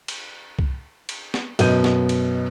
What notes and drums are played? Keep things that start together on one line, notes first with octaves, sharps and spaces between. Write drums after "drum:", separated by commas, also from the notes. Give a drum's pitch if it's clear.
drum: cymbal
drum: kick C2
drum: cymbal
drum: snare B3
F#2 B2 B3 D#5 G6 D#7, drum: cymbal
drum: snare B3
drum: cymbal